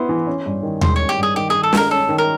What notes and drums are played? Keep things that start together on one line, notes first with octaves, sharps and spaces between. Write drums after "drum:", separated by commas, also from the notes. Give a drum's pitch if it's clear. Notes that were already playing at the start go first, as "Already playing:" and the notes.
Already playing: B3 E4 C5
E3
C#4
G2
D#3
G#3 C5, drum: tom D#2
C#4 C#5
G4
G2
G#4
D#3 G4
D#3 G#4
A4
G#3 A#4, drum: snare
C#4 A4
D#3
A#4